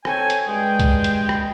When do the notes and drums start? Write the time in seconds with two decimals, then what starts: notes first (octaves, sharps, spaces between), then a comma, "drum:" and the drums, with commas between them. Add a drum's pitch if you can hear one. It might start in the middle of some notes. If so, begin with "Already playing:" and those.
0.05 C4 A4 C#5 G5 G#5, drum: rim click
0.30 drum: hi-hat
0.48 G2 G#3 G#4 G5
0.80 drum: kick C2, hi-hat
1.04 drum: hi-hat
1.29 drum: rim click